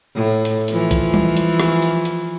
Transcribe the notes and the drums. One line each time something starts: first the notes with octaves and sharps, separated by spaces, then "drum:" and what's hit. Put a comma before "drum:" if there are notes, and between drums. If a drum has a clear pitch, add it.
A2
drum: hi-hat
E3 F3, drum: hi-hat
drum: kick A#1, hi-hat
drum: tom G3
drum: hi-hat
drum: rim click
drum: hi-hat
drum: hi-hat